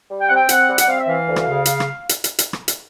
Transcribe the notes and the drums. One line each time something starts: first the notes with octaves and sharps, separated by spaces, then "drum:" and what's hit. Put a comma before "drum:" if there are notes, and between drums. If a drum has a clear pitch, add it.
G3
G5
C4 F#5
G5
C4 F#5, drum: hi-hat
G3
F#5, drum: hi-hat
C4 F5
E5
E3 F5
D2
drum: rim click
C#3
drum: hi-hat
drum: rim click
drum: hi-hat
drum: hi-hat
drum: hi-hat
drum: rim click
drum: hi-hat